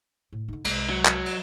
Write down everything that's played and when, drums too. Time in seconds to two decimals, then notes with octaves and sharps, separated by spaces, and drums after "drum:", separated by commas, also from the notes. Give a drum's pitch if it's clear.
0.33 A2
0.48 D3 D#4
0.64 C2 G#3, drum: cymbal
0.90 F#3
1.05 drum: clap
1.26 drum: cymbal